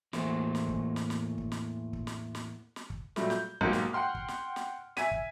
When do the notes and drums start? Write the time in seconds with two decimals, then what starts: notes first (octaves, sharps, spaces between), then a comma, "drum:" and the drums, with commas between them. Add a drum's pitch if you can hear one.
0.13 E2 A2 A3 A#3 C5, drum: snare
0.55 drum: snare
0.68 drum: kick
0.96 drum: snare
1.10 drum: snare
1.38 drum: kick
1.52 drum: snare
1.93 drum: kick
2.07 drum: snare
2.35 drum: snare
2.76 drum: snare
2.90 drum: kick
3.16 A#2 F#3 G3 A3, drum: snare
3.30 G6, drum: snare
3.61 B1 G#2 A#3 G4 C#7, drum: kick
3.73 drum: snare
3.93 F#5 G5 C6 F6
4.15 drum: kick
4.28 drum: snare
4.56 drum: snare
4.97 E5 G#5 G#6 B6 D#7, drum: snare
5.11 drum: kick